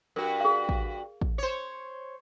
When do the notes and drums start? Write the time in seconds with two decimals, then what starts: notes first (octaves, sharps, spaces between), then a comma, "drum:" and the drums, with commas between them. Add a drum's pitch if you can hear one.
0.16 G2 F#4 A#4
0.41 G#4 F5
0.69 drum: kick
1.21 drum: kick
1.38 C5 C#5